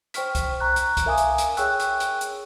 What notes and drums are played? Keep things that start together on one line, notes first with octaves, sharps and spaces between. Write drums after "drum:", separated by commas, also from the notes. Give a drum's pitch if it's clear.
C5 G5 C#6 F6 B6, drum: hi-hat
drum: kick C2, hi-hat
A#5 C#6 F#6
drum: hi-hat
drum: kick C2, hi-hat
A#4 E5 F5 G#5 D6 D#6
drum: hi-hat
drum: hi-hat
G#4 C#5 G5 C#6 E6 F#6, drum: hi-hat
drum: hi-hat
drum: hi-hat
drum: hi-hat